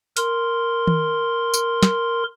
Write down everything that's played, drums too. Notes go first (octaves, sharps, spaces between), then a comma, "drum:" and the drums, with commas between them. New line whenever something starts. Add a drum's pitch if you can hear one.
A#4 C6, drum: hi-hat
drum: tom D#3
drum: tambourine
drum: snare